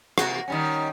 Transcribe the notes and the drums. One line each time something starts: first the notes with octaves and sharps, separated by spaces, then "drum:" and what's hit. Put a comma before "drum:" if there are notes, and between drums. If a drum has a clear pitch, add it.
C3 A#3 F#4, drum: rim click
D#3 G3 C#4